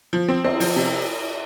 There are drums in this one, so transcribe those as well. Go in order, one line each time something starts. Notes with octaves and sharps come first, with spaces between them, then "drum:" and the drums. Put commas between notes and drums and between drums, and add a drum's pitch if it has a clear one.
F3
C4
C4, drum: cymbal
F3, drum: open hi-hat
C3